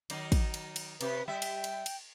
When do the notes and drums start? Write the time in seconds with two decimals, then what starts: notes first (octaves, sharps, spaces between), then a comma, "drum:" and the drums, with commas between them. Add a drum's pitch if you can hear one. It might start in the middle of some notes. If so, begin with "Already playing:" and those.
0.10 D#3 F#3 D#4, drum: cymbal
0.32 drum: kick, cymbal
0.54 drum: cymbal
0.76 drum: cymbal
1.01 C3 G4 B4, drum: cymbal
1.28 G3 E5 G5
1.42 drum: cymbal
1.64 drum: cymbal
1.86 drum: cymbal